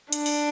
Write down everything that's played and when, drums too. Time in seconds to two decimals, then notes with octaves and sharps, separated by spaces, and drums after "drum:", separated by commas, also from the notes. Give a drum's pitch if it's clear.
0.12 D4, drum: hi-hat
0.26 drum: open hi-hat